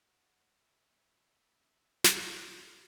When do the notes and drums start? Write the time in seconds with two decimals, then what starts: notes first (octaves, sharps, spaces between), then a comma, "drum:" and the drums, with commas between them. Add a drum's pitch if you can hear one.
0.04 F#4
0.62 E5 B5
2.04 drum: snare
2.15 G3 B3 G4 A4 F5